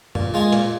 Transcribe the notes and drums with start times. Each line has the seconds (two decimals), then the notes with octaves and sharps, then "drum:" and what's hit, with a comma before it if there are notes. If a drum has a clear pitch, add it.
0.15 A#2, drum: tom F#2
0.34 G#3 F4 G#4
0.52 A#2, drum: hi-hat